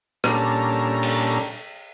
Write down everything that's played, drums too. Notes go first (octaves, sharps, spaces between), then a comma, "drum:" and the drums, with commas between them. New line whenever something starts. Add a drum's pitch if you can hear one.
A#2 G3 C#4 D4 A4 A#5, drum: rim click
drum: cymbal